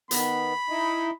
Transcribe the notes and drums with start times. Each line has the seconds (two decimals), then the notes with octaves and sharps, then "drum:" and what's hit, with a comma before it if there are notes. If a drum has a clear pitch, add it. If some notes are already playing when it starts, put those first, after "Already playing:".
0.11 D#3 B3 B5, drum: hi-hat
0.70 D#4 E4 D#5